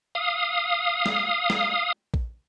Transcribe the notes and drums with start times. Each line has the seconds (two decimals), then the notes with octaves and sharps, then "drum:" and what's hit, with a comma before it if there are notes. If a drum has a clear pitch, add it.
0.15 F5 D#6
1.06 drum: snare
1.50 drum: snare
2.14 drum: kick A#1